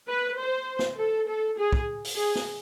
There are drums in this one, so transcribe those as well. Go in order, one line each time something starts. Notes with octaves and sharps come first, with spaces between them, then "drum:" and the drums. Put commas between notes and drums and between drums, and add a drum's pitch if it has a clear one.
B4
C5
drum: snare
A4
A4
G#4
drum: kick
drum: open hi-hat
G#4
drum: snare